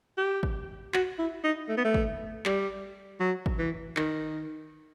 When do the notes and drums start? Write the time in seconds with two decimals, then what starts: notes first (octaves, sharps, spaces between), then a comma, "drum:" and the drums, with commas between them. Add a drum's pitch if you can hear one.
0.17 G4
0.43 drum: kick G#1
0.94 F#4, drum: clap
1.19 E4
1.44 D#4
1.69 A3
1.77 B3
1.84 A3
1.94 drum: kick G#1
2.45 G3, drum: clap
3.20 F#3
3.46 drum: kick G#1
3.59 E3
3.97 D#3, drum: clap